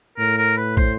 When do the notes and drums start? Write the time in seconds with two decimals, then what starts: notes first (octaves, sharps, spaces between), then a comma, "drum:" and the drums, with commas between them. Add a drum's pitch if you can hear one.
0.18 A2 A#4
0.38 A#4
0.57 B4
0.77 C5, drum: kick